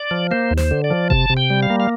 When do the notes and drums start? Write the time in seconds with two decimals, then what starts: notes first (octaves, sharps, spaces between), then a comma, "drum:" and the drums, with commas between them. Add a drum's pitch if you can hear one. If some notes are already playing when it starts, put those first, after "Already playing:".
Already playing: D5
0.11 F3
0.31 A#3 C5
0.51 D#2
0.57 C5, drum: snare
0.71 D3
0.84 D5
0.90 F3
1.10 C3 A5, drum: kick F#1
1.30 C3
1.37 G5
1.50 G3
1.63 F5
1.70 A#3
1.80 F5